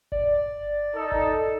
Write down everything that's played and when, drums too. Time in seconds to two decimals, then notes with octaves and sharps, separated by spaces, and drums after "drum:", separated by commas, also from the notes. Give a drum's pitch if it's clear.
0.12 D5, drum: kick G1
0.95 D#4 A4
1.12 drum: kick G1